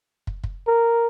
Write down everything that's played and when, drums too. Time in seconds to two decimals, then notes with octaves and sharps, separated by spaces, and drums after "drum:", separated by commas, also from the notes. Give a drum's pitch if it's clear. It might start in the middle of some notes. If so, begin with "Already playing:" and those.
0.27 drum: kick
0.44 drum: kick
0.68 A#4